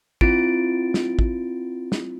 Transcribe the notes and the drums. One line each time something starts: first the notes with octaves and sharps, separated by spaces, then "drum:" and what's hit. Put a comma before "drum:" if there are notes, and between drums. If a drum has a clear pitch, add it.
C4 E4 F4 A6 D7, drum: kick
drum: snare
drum: kick
drum: snare